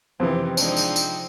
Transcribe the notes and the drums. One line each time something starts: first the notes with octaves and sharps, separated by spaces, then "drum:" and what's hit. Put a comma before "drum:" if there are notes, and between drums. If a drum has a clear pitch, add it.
F2 C3 D#3 E3 C4 G4
F3 G#3 C4 D4 D#4, drum: tambourine
drum: tambourine
drum: tambourine